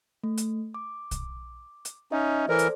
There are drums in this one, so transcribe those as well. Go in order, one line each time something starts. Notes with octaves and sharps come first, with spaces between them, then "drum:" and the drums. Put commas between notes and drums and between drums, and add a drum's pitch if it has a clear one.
A3
drum: hi-hat
D6
drum: kick, hi-hat
drum: hi-hat
C#4 D#4 D#5 E5
E3 A4 A#4 C5 D5
drum: hi-hat